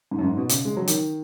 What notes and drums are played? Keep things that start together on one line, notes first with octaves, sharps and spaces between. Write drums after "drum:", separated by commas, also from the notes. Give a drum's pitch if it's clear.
G#2
F#2
G#2
B2
C#3, drum: hi-hat
G#3
F#3
D#3, drum: hi-hat